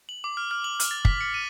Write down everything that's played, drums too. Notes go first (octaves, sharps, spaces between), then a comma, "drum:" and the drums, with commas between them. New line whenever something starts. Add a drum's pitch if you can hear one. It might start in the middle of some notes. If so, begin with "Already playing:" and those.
F#7
D6
F6
F6
F#7
F6, drum: hi-hat
A6
B6, drum: kick
C#7
D#7